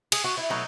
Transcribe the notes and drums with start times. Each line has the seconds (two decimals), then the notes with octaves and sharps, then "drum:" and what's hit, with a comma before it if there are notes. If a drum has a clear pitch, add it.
0.12 G#4, drum: cymbal
0.24 F#4
0.37 E4
0.50 B2 F#3 A3 D#4